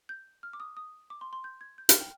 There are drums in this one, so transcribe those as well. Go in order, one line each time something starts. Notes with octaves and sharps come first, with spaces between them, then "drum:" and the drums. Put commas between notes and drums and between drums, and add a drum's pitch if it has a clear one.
G6
F6
D6
D#6
D#6
D6
C6
C6
G6
G#6
G6
F6, drum: hi-hat
G5